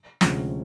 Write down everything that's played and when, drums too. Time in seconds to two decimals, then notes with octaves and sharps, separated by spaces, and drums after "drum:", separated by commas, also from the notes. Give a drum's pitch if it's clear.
0.21 D2 C3 F3 G#3 C#4, drum: snare